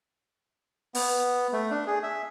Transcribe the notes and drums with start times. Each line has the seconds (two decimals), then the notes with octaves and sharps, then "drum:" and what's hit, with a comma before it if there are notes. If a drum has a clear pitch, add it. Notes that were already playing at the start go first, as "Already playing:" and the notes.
0.95 B3, drum: open hi-hat
1.53 A3
1.71 D4
1.87 G#4
2.03 E5